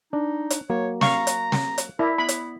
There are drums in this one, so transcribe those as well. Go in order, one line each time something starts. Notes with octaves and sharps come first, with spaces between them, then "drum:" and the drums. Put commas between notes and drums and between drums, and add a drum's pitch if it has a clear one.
D4 D#4
drum: hi-hat
F#3 A#3 C#5
F5 A#5 C#6, drum: snare
drum: hi-hat
drum: snare
drum: hi-hat
E4 A#4 D5
B3 B5
drum: hi-hat